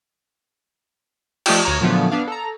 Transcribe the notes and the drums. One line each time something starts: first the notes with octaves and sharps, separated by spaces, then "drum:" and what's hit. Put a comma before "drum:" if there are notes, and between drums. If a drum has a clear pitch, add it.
F3 A3 D4 D#4 F4 G4, drum: cymbal
D2 C#5 A#5
A#2 D3 F3 F#3 A3 B3
B3 D4 F5
A4 A#5